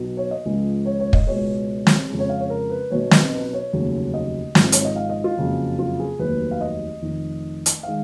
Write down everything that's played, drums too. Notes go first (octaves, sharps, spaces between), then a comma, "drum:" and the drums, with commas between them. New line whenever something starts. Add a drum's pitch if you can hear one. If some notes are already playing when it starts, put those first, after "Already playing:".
Already playing: B1 B2 F#3
C#5
D#5
C#2 C#3 F3 G#3
C#5
C#5
D#5, drum: kick
C#2 B2 G#3 C#5
drum: snare
F2 C#3 G#3
C#5
F5
C#5
A#4
B4
B1 B2 F#3 C#5
D#5, drum: snare
B4
C#5
F1 D#2 C#3 F#3
D#5
G#1 G#2 F3 G#3, drum: snare
C#5, drum: hi-hat
D#5
F5
D#5
F4
F#1 F2 C#3 F#3
F4
G#4
F1 D#2 D#3 F#3 B4
F5
D#5
F1 F2 D#3
drum: hi-hat
D#3 G#3 F5